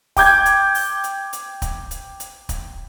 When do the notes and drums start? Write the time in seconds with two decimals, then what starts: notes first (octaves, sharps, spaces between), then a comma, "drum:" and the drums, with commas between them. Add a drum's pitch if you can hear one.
0.17 G5 D6 G6 G#6, drum: kick, open hi-hat
0.46 drum: hi-hat
0.75 drum: open hi-hat
1.04 drum: hi-hat
1.33 drum: hi-hat
1.62 drum: kick, hi-hat
1.91 drum: hi-hat
2.20 drum: hi-hat
2.49 drum: kick, hi-hat